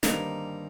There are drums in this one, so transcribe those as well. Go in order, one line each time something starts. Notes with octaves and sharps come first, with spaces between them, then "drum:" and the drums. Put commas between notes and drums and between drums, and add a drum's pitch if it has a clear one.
G1 G2 D#3 G3 A#3 C4 D#4, drum: snare